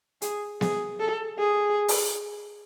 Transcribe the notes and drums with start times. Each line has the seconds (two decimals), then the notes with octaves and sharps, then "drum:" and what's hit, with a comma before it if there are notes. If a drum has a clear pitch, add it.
0.22 G#4, drum: hi-hat
0.61 G#4, drum: snare B3
1.00 A4
1.39 G#4
1.88 drum: open hi-hat